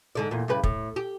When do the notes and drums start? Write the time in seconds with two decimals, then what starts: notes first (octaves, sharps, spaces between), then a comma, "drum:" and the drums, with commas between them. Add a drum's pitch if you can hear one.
0.15 G#2 D3 D5
0.31 E2 A#2
0.48 G2 C#3 B4
0.64 A2, drum: kick
0.96 G4